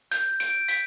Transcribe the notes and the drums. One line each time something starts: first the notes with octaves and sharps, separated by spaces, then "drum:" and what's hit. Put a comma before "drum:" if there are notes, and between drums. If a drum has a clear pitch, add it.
G6, drum: hi-hat
D7, drum: hi-hat
B6, drum: hi-hat